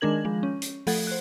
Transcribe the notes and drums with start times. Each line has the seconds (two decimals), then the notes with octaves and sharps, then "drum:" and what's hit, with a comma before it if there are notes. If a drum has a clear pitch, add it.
0.01 D#3 G#3 D4 A#4 G#6 F#7
0.25 F3 G#3
0.43 C#4
0.62 drum: hi-hat
0.87 F3 A3 A4 F#5 G#6, drum: open hi-hat
1.07 C5 F#6